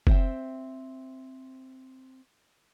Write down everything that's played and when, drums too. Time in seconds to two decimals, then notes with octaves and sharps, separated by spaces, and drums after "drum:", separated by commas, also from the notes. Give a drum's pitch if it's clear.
0.07 C4 C5 E5 G5, drum: kick F#1